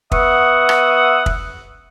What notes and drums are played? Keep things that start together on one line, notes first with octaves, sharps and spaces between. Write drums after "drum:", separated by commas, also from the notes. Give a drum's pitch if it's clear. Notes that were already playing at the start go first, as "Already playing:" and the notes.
B3 E5 F#5 C#6 D#6, drum: kick
drum: rim click
drum: kick